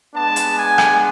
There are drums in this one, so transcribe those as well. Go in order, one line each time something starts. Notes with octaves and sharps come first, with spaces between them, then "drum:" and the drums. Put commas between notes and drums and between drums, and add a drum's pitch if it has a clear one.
G#3 B3 D4 A5
drum: hi-hat
G#5
drum: rim click